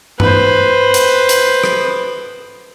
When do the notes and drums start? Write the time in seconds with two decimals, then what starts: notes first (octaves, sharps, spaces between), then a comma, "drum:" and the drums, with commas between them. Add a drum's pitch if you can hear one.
0.20 B4 C5, drum: tom G2
0.94 drum: hi-hat
1.29 drum: hi-hat
1.64 drum: rim click